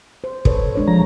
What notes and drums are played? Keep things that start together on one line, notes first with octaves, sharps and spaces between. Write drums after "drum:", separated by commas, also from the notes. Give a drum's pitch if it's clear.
C5
A4 B4 C#5, drum: kick
G#3 D4 C#5
F3 A#5